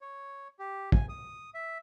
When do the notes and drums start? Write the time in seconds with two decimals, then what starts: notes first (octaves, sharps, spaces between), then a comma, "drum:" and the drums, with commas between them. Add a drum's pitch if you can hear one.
0.01 C#5
0.59 G4
0.92 G#5, drum: kick
1.09 D#6
1.54 E5